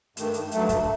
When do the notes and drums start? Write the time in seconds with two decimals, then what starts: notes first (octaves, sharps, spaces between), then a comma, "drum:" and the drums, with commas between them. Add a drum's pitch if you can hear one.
0.17 G2 D#3 A3, drum: hi-hat
0.34 drum: hi-hat
0.51 G2 F#3 A3, drum: hi-hat
0.69 drum: kick, hi-hat